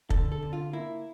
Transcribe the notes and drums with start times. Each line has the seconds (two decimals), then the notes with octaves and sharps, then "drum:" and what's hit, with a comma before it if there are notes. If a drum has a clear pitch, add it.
0.10 D3 A4, drum: kick
0.32 A4
0.42 D3
0.53 F4
0.73 A#3 E4